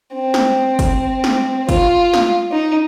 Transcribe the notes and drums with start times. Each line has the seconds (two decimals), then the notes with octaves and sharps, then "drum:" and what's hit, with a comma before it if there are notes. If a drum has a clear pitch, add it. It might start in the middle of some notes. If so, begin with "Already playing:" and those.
0.14 C4
0.34 drum: snare
0.79 drum: kick, hi-hat
1.24 drum: snare
1.69 F4, drum: kick, hi-hat
2.14 drum: snare
2.52 D#4